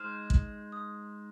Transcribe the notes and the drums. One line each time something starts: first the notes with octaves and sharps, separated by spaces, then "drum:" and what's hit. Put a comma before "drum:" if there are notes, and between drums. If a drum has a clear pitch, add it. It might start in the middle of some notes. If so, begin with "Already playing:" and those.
Already playing: G#3 D#4 C5 F6
drum: kick
D#6